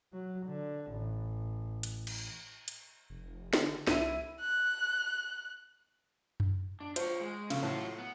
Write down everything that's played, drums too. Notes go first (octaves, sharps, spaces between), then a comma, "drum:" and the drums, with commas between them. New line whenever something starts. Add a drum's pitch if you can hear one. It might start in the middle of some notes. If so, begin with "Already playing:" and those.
F#3
D3
A1
drum: hi-hat
drum: cymbal
drum: hi-hat
F1
D3, drum: snare
C2 E4 D#7, drum: snare
F#6
drum: tom F#2
D4
F4 C5 C#5, drum: hi-hat
G#3
E2 C#3 A4 B4, drum: cymbal
A2 F#3 F4
B3